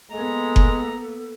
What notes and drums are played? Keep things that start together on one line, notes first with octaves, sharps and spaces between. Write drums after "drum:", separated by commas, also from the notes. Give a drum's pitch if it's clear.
G#3 A#3 B3 A4 A#5
drum: kick F#1